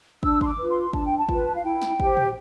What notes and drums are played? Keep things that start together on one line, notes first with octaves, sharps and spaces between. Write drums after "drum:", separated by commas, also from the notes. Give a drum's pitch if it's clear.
D4 E6, drum: kick
C6, drum: kick
D6
F4 B4
C6
D4 A5, drum: kick
G5
A5
F4 B4, drum: kick
F5
E4 G5
drum: snare
G4 C5, drum: kick
drum: tom